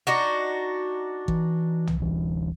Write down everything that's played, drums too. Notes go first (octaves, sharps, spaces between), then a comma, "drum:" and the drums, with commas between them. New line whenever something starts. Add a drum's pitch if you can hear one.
D4 D#4 F#4
E3, drum: kick G#1
drum: tom B1
D1 E3